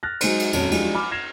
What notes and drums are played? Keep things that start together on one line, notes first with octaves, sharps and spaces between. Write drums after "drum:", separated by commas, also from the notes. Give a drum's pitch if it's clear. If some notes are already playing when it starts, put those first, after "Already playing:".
F6 F#6 A6 A#6
F#3 G#3 D#4 C5, drum: cymbal
drum: cymbal
D#1 F2 C#4 F#4 C#5 A5, drum: cymbal
F3 F#3 G#3 D4 E4 G4, drum: cymbal
G#5 B5 D6 F6
F6 G#6 A#6 C7 E7 F7